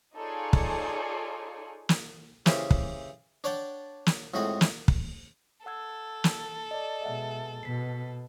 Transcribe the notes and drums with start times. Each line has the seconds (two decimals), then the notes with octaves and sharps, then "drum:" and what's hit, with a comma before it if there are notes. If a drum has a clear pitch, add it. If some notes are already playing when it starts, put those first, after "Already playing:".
0.17 D#4 F4 G#4 A4 C#5 D5
0.53 drum: kick
1.89 drum: snare
2.46 C#3 E3 G4 A#4 C5, drum: snare
2.71 drum: kick
3.44 D4 C#5 D5 F#5 G5
4.06 drum: snare
4.34 F2 A2 G#3 F#4 F#5
4.61 drum: snare
4.88 drum: kick
5.66 A4 F#5 E6 G#6
6.24 drum: snare
6.71 D5 D#5
7.02 B2 G#3 E5 F#5
7.63 B2 B6 C7